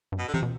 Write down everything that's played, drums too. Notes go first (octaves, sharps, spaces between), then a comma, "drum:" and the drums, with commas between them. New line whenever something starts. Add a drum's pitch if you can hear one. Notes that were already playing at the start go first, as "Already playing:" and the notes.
G2
F#2 B2
D3
C3, drum: tom E3
B2